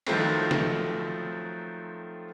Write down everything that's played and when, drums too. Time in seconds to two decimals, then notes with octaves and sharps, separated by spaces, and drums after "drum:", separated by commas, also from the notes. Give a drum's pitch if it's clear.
0.07 D#3 F3 F#3 A3 C4, drum: cymbal
0.51 drum: snare